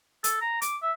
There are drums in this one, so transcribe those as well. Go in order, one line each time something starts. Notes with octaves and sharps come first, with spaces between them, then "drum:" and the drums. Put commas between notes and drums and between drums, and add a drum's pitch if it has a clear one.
A4, drum: hi-hat
A#5
D6, drum: hi-hat
E5